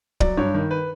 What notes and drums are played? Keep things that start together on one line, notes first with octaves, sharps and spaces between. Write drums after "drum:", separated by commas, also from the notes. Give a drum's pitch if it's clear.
F#3 D5, drum: kick
G2 C#5
D#3
B4